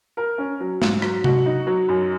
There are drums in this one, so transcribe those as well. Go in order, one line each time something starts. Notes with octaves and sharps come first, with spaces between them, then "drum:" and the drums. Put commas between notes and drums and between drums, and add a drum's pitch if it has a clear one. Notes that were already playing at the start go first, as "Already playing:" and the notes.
A#4
C#4
F#3
G#2, drum: snare
F#3, drum: rim click
F#4, drum: tom C3
D#4
F#3
F#2